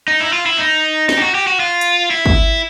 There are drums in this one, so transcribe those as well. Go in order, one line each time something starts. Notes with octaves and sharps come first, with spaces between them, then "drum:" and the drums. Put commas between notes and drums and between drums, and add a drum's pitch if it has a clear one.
D#4
E4
F4
E4
D#4
D#4, drum: snare
G4
F#4
G4
F#4
F4
drum: hi-hat
E4
drum: kick